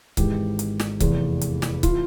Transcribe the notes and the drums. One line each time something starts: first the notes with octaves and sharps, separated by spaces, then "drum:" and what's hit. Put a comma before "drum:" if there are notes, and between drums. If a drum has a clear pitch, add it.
G#1 G#2 E3 G4, drum: kick C#1, hi-hat
drum: hi-hat
drum: snare
F1 E2 E3, drum: kick C#1, hi-hat
drum: hi-hat
drum: snare
E3 F4, drum: kick C#1, hi-hat